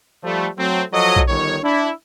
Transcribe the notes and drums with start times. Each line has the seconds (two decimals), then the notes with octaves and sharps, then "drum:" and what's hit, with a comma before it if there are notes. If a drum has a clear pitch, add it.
0.23 F3 G3 A3
0.58 F#3 A3 C4
0.92 F3 F#3 F#4 A4 C#5 D#5
1.16 drum: kick
1.28 G1 D#3 C#5
1.63 D4 E4